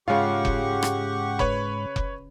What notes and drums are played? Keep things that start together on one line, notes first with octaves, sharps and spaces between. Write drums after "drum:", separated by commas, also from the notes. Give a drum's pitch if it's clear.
G#2 C#3 G#3 F4 G4 F5 F#5 C#6
drum: kick F1
drum: rim click
B4 C#5 B5, drum: kick F1
drum: kick F1